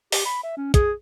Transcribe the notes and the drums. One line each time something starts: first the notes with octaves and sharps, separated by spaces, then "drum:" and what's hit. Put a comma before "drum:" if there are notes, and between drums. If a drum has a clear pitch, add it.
G4, drum: open hi-hat
B5
E5
C#4
G#4, drum: kick, hi-hat